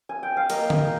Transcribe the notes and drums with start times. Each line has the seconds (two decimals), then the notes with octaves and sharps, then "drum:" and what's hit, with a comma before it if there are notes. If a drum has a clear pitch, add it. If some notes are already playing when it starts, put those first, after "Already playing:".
0.09 G#5
0.23 G5
0.37 F5
0.50 A#3 D#5, drum: cymbal
0.70 drum: tom D3